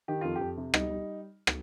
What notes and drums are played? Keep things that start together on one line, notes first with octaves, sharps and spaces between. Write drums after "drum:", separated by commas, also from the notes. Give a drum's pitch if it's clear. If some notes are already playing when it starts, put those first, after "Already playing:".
D#3 G4
F2 F4
G4
F2
C3
G3 D#4, drum: rim click
G3
drum: rim click